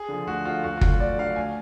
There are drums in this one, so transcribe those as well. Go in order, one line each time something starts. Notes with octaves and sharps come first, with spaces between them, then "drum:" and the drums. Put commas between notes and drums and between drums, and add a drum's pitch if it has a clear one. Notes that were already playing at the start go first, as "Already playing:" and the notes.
Already playing: G#4
D3 F3
D2 F#4
D3 F3 F4
D2 F#4
F4
D3 F#3 F#4, drum: kick
D2 D5
D3 F#3 F5
D2 G#5